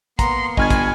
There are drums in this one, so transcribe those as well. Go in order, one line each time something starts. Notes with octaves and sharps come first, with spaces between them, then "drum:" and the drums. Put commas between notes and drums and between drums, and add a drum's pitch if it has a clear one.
A#3 B3 F#5 A#5 C6, drum: kick, hi-hat
G1 D#5 G#5 A5 B5 C#6 F6 G#6, drum: kick
drum: kick, hi-hat